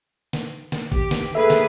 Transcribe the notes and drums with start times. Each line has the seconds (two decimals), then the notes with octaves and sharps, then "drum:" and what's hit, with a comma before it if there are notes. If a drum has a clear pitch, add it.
0.33 drum: snare
0.72 drum: snare
0.92 D#2 G4, drum: kick
1.11 drum: snare
1.35 A#3 G#4 A4 B4 E5
1.50 drum: snare